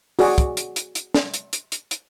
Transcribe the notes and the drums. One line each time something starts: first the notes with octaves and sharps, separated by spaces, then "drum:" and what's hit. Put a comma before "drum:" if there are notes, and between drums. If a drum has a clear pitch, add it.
F#4 G#4 D5, drum: open hi-hat
drum: kick, hi-hat
drum: hi-hat
drum: hi-hat
drum: hi-hat
drum: snare
drum: hi-hat
drum: hi-hat
drum: hi-hat
drum: hi-hat